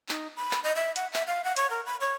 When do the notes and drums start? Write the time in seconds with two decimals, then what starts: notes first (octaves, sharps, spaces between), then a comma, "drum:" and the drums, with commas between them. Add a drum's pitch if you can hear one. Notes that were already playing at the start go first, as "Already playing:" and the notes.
0.09 D#4, drum: clap
0.37 B5
0.51 drum: clap
0.64 D#5
0.75 E5
0.96 F#5, drum: hi-hat
1.13 E5, drum: clap
1.27 F5
1.44 F#5
1.56 C#5, drum: hi-hat
1.70 A#4
1.86 B5
2.01 C#5